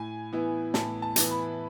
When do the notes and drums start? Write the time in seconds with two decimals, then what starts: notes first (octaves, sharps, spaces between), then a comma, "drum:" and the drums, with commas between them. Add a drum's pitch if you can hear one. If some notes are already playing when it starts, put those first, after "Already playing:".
Already playing: A2 G#5
0.33 E3 B3 E4
0.74 A2 A5, drum: snare
1.02 A5
1.16 E3 B3 E4, drum: hi-hat
1.31 B5